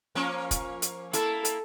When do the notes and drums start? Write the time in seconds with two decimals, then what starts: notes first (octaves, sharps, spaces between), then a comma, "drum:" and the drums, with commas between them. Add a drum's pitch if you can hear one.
0.15 F3 A#3 C#4
0.51 drum: kick, hi-hat
0.82 drum: hi-hat
1.13 A#3 E4 A4, drum: hi-hat
1.45 drum: hi-hat